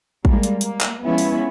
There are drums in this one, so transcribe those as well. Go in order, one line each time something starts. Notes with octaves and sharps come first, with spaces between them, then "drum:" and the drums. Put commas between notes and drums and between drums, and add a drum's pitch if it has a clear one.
G3 G#3 A#3, drum: kick
drum: hi-hat
A#3, drum: hi-hat
drum: clap
F3 G#3 B3 C#4 E4
drum: open hi-hat